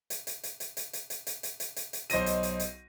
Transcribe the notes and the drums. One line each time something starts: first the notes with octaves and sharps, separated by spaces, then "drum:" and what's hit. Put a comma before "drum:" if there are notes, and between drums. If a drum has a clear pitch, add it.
drum: hi-hat
drum: hi-hat
drum: hi-hat
drum: hi-hat
drum: hi-hat
drum: hi-hat
drum: hi-hat
drum: hi-hat
drum: hi-hat
drum: hi-hat
drum: hi-hat
drum: hi-hat
B1 C5 D#5 A#6 D#7, drum: hi-hat
drum: hi-hat
drum: hi-hat
drum: hi-hat